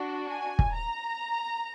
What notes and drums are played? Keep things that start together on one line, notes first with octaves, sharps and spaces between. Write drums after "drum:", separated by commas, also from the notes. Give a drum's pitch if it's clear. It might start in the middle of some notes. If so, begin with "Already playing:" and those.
Already playing: D4 F#4
G#5
drum: kick
A#5